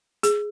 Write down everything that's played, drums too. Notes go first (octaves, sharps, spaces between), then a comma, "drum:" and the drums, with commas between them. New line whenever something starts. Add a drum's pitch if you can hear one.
G#4, drum: hi-hat